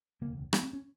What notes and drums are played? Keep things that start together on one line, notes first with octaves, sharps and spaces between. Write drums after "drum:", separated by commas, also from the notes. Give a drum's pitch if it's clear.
E1 D2 C#3 A#3
B3, drum: rim click
C4
C#4